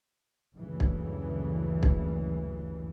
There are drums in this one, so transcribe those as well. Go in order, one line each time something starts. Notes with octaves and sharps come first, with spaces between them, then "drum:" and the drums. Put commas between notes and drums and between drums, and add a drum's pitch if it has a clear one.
F#1 D2 G2 C#3 E3
drum: kick
drum: kick